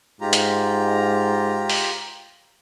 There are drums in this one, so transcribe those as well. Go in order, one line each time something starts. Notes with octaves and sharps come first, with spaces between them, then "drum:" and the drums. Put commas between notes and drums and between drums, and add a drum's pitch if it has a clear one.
G#2 F4 G4 A#5
drum: hi-hat
drum: open hi-hat